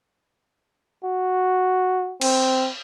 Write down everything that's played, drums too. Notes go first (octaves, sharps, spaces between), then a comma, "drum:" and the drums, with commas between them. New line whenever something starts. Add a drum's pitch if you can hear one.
F#4
C4, drum: cymbal